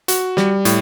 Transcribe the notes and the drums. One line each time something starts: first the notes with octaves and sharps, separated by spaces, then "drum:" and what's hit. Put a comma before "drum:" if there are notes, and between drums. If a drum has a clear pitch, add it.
F#4, drum: hi-hat
G3, drum: snare
A2, drum: hi-hat